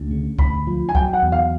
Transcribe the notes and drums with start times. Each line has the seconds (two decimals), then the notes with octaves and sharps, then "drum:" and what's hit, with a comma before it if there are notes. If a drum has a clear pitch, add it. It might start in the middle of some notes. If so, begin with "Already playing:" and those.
Already playing: D2
0.11 C#3
0.39 D2 B5, drum: kick C2
0.67 F3
0.89 G#5
0.95 F#3 G5, drum: kick C2
1.13 F#5
1.22 E2
1.32 F5